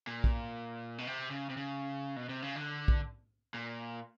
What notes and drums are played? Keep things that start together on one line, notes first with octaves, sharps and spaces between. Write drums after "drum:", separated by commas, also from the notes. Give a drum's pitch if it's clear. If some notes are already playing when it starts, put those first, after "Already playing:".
A#2
drum: kick A#1
B2
C3
C#3
C3
C#3
B2
C3
C#3
D3
drum: kick A#1
A#2